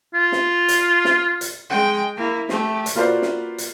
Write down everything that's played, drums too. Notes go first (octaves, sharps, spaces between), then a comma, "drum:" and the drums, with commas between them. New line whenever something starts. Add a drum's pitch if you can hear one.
F4
drum: snare
drum: hi-hat
drum: snare
drum: hi-hat
G#3 G5
A#3 E4
A3 G4, drum: snare
drum: hi-hat
A#3 F4 F#4 B4 C5 D5
drum: snare
drum: hi-hat